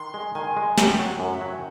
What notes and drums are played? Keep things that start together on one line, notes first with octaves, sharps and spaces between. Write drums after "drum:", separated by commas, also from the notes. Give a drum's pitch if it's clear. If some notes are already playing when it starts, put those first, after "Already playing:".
Already playing: D#3 C6
G#3
D#3 G#5
G#3
F#2 G5, drum: snare
F#3
F#5
F#2
E5
F#3